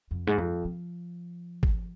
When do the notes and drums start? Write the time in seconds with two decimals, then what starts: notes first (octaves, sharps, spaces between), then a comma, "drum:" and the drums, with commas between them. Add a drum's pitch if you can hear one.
0.11 F2
0.27 G#2
0.38 F2
0.65 F3
1.63 drum: kick G#1